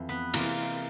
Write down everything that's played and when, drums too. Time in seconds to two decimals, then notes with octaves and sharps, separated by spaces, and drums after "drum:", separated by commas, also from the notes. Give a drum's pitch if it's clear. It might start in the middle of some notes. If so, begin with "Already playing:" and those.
Already playing: F2 E3
0.09 B3 B4
0.34 C3 E3 G#3 A#3 A#4, drum: cymbal